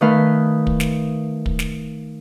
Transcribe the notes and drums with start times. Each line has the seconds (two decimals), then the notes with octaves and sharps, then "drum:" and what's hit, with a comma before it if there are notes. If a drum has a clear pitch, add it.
0.01 D#3 A3 B4 F5
0.67 drum: kick
0.80 drum: snare
1.46 drum: kick
1.59 drum: snare